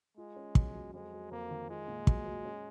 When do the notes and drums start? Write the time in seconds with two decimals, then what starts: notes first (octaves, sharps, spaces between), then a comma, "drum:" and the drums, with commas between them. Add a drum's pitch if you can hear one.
0.17 G#3 F4
0.36 C#4
0.55 F#3, drum: kick
0.75 F#3
0.93 F2 G#3
1.13 F#3
1.31 F2 A#3
1.50 D#3
1.69 G#3 F4
1.88 A#2
2.07 F#3, drum: kick
2.26 F#3
2.45 C#4